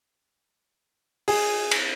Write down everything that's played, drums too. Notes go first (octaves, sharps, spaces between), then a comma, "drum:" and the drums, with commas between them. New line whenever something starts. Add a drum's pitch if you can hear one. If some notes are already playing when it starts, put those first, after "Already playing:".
G#4, drum: open hi-hat
drum: cymbal